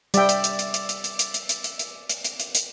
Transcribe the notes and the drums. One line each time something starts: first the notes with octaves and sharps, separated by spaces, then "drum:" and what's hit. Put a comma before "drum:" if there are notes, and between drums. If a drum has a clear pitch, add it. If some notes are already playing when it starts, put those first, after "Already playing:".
G3 D5 E5 G5, drum: hi-hat
drum: hi-hat
drum: hi-hat
drum: hi-hat
drum: hi-hat
drum: hi-hat
drum: hi-hat
drum: hi-hat
drum: hi-hat
drum: hi-hat
drum: hi-hat
drum: hi-hat
drum: hi-hat
drum: hi-hat
drum: hi-hat
drum: hi-hat